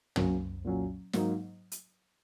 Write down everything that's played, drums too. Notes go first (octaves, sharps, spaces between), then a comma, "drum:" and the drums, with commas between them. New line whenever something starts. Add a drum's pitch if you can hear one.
F#2 F#3 A#3 C#4, drum: tom
A#2 F#3 C#4
G#2 F#3 A#3 D#4, drum: snare
drum: hi-hat